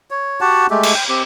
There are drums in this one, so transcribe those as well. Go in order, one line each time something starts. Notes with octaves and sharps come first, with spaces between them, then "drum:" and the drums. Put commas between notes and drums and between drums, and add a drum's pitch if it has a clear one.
C#5
F#4 G4 F#5 A5
G#3 A3 G4
drum: cymbal
G5
C4 G4